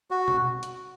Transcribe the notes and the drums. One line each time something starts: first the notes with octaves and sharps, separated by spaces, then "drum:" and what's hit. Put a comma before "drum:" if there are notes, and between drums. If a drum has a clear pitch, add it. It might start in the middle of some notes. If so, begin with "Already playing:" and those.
F#4
drum: tom B2
drum: hi-hat